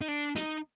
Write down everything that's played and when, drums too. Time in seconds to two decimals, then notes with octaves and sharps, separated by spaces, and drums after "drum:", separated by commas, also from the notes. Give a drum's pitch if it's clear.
0.01 D#4
0.08 D4
0.36 D#4, drum: hi-hat